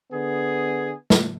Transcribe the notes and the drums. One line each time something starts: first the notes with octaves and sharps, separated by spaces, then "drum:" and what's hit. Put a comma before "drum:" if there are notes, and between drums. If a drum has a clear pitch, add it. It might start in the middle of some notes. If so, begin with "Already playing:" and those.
D3 B3 G#4
drum: snare